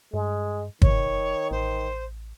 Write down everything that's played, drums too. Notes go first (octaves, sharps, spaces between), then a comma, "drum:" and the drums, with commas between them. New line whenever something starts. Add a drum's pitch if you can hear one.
G2 G#3
F1 D#3 C#5, drum: kick
A1 C5